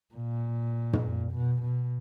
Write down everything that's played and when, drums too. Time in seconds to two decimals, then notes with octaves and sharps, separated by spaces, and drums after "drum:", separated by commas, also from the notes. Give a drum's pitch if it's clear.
0.15 A#2
0.93 drum: tom
1.32 B2
1.62 B2